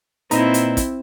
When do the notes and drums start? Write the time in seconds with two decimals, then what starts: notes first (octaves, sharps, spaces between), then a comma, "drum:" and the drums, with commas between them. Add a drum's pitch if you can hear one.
0.31 A#2 C4 D#4 E4 B4 A#5, drum: hi-hat
0.54 drum: hi-hat
0.77 drum: kick, hi-hat